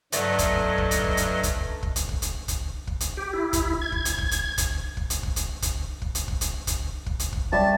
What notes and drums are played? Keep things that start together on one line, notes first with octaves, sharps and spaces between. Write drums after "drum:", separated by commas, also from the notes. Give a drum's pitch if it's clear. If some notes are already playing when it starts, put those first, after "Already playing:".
G2 F#3 A3 B3 D4 D#5, drum: hi-hat
drum: kick, hi-hat
drum: kick
drum: hi-hat
drum: kick
drum: hi-hat
drum: kick, hi-hat
drum: kick
drum: hi-hat
drum: kick
drum: hi-hat
drum: kick, hi-hat
drum: kick
drum: hi-hat
G4
E4
drum: kick, hi-hat
G#6
drum: kick
drum: hi-hat
drum: kick
drum: hi-hat
drum: kick, hi-hat
drum: kick
drum: hi-hat
drum: kick
drum: hi-hat
drum: kick, hi-hat
drum: kick
drum: hi-hat
drum: kick
drum: hi-hat
drum: kick, hi-hat
drum: kick
drum: hi-hat
drum: kick
G3 C#5 E5 A5